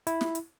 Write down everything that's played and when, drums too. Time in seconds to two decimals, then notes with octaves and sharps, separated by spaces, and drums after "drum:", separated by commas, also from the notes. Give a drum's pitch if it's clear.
0.07 E4, drum: hi-hat
0.21 drum: snare
0.35 drum: hi-hat